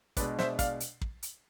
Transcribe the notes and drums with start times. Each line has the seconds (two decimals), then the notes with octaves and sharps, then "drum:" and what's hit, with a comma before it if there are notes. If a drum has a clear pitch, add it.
0.17 B2 G#3 D4 B4 D5, drum: kick, hi-hat
0.39 C5 E5, drum: snare
0.59 D5 F5, drum: kick, hi-hat
0.80 drum: hi-hat
1.01 drum: kick
1.23 drum: hi-hat